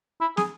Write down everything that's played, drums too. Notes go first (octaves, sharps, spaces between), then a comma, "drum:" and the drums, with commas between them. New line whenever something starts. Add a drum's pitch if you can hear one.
E4
G#4, drum: snare